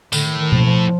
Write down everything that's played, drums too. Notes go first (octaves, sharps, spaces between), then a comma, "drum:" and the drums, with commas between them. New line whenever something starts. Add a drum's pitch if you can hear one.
A2 D3, drum: tambourine
D#3
D#3
F3, drum: tom B2
F3